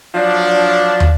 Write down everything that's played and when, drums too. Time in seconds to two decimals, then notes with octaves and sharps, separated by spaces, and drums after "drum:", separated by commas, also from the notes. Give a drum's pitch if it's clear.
0.15 F3 F#3 D4
1.00 drum: tom